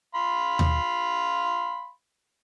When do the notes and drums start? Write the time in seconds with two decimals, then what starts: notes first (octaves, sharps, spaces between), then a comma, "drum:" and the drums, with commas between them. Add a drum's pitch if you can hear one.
0.15 F5 B5 C6
0.59 drum: tom D#2